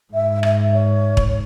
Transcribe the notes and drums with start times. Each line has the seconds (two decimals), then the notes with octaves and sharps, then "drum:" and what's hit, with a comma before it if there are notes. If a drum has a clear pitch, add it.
0.13 G#2 E5
0.43 E5, drum: rim click
0.73 C#5
1.17 drum: kick E1
1.27 C#5